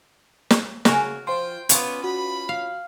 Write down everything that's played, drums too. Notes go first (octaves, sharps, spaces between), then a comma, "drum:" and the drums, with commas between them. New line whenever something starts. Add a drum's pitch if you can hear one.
drum: snare
C#3 F#4 A#4 G#5, drum: snare
F3 C5 G5 C6
B3 C#4 F4 B4 C#5 D5, drum: hi-hat
F#4 B5
F5